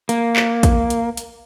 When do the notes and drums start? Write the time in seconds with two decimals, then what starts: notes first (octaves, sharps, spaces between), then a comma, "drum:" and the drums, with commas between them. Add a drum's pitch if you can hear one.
0.09 A#3, drum: hi-hat
0.36 drum: clap
0.63 drum: kick, hi-hat
0.90 drum: hi-hat
1.17 drum: hi-hat